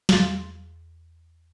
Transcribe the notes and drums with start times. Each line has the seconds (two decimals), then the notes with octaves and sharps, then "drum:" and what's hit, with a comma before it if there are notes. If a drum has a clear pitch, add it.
0.09 E2 G#4 F5 C6 A6, drum: snare